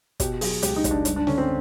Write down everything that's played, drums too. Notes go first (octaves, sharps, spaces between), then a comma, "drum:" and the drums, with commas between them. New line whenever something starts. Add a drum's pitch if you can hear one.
B2 G4, drum: kick, hi-hat
F#3 G#4, drum: open hi-hat
C#2 G4, drum: hi-hat
D#4
C#2, drum: kick, hi-hat
D4
G2, drum: hi-hat
D4
D3 C#4, drum: snare
C4